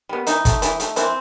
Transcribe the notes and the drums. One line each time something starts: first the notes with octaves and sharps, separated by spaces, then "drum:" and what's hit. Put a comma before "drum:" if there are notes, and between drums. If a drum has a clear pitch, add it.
G3 B3
E3 D#4, drum: hi-hat
A3, drum: kick, hi-hat
E3, drum: hi-hat
A3, drum: hi-hat
E3 C4, drum: hi-hat